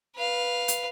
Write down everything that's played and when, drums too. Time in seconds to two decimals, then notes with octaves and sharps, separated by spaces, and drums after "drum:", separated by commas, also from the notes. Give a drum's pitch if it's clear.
0.16 B4 F5
0.68 drum: hi-hat